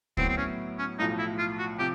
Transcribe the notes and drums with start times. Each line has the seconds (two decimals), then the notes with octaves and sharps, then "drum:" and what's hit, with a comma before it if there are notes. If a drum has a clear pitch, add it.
0.17 A2 F#3 B3 C4 E4, drum: kick
0.29 C4
0.37 C#4
0.79 C#4
0.99 B1 A2 F3 D#4
1.19 E4
1.38 F4
1.59 F#4
1.79 C3 F3 G4